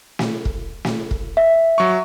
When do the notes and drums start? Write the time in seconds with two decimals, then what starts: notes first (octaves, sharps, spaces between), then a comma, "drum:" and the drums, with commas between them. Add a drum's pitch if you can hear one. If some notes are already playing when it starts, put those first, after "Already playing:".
0.19 drum: snare
0.45 drum: kick
0.85 drum: snare
1.11 drum: kick
1.37 E5
1.78 F#3 C#6